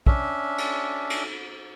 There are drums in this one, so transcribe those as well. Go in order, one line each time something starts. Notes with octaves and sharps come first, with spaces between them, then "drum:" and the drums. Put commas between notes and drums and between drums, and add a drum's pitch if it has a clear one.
C#4 D4 E5, drum: kick
drum: cymbal
drum: cymbal